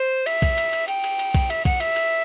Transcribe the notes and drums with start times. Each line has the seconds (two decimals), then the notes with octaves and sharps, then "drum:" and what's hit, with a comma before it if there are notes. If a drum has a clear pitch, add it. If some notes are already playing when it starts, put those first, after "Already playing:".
Already playing: C5
0.26 E5, drum: cymbal
0.42 drum: kick, cymbal
0.58 drum: cymbal
0.73 drum: cymbal
0.88 G5, drum: cymbal
1.04 drum: cymbal
1.19 drum: cymbal
1.35 drum: kick, cymbal
1.50 E5, drum: cymbal
1.65 F#5, drum: kick, cymbal
1.80 E5, drum: cymbal
1.96 drum: cymbal